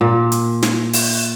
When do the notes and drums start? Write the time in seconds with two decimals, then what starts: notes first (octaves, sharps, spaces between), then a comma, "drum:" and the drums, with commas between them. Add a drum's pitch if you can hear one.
0.01 A#2
0.32 drum: hi-hat
0.63 drum: snare
0.93 drum: open hi-hat